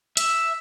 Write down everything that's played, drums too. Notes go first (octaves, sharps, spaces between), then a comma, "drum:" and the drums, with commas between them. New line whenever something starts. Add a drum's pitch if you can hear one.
E5, drum: hi-hat